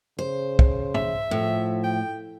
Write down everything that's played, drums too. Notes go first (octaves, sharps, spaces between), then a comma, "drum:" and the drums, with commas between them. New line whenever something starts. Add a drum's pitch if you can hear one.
C#3 C5
drum: kick
E5, drum: tom
A2 F3
G5